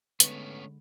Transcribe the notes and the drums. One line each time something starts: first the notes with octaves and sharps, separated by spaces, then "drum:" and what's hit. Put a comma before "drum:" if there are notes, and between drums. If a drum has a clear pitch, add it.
D3 G#3 A3 B3 C#4, drum: hi-hat